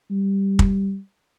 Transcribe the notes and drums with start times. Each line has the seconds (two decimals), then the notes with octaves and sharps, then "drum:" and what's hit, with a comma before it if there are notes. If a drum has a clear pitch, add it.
0.11 G3
0.59 drum: kick